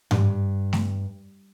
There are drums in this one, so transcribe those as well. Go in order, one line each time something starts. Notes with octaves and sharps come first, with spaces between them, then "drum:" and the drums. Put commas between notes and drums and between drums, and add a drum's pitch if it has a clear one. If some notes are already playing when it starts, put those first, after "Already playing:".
G2, drum: tom G#2
drum: snare